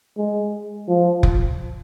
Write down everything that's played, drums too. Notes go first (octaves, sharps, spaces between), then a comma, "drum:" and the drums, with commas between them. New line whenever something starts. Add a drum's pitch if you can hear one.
G#3
F3
drum: kick F1